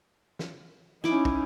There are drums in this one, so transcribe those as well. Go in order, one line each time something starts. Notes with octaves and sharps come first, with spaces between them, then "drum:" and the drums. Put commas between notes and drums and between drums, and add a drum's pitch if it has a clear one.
drum: snare
C#4 D#4 E4 D6, drum: snare
drum: kick